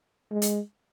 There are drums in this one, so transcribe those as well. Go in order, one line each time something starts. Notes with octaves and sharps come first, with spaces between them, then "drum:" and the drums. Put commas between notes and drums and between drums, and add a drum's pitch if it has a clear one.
G#3
drum: hi-hat